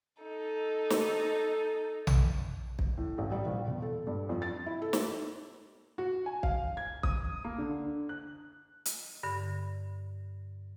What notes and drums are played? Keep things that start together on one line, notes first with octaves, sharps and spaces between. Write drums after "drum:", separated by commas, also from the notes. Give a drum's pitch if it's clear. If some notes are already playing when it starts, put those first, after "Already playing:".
D#4 A4
drum: snare
drum: tom A#1
drum: kick
A2
A1
G3
A#1
E1
A4
G2
F2
A6
E4
A4
drum: snare
F#4
G#5
F5, drum: kick
G#6
D#6, drum: kick
A#3
D3
F#6
drum: hi-hat
G2 D3